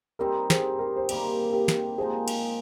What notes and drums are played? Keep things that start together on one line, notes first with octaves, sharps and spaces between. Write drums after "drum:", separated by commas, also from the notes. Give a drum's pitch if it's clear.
G3 C4 D#4 G4 A#4
G#4 C5, drum: snare
G4 A#4
C5
C3 D#3 G3 A#3 G4 A#4, drum: cymbal
G4 A#4
drum: snare
A#2 F3 G#3 D#4 G#4 C5
drum: cymbal